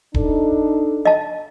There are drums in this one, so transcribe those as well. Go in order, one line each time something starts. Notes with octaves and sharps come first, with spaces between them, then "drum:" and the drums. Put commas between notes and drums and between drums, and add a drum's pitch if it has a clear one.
D4 D#4 A4, drum: kick D#1
D#5 A5